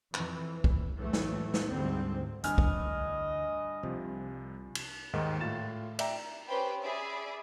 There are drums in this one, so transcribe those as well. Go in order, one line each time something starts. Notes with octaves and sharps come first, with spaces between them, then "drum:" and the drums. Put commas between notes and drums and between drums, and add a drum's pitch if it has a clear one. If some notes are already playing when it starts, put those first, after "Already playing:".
F2 E3, drum: clap
drum: kick B1
A2 E3 F#3 A3
drum: snare
drum: snare
D2 G#2 D3 G3 C4
D2 G2 E3 D#5 G#5 F6, drum: hi-hat
drum: kick B1
C2 C3 F3
drum: cymbal
D#2 G#2 D#3
A2 F4 A6 E7
D5 E5 G5 A#5, drum: cymbal
C#4 G4 B4 C5 G5 B5
G#4 D5 E5 B5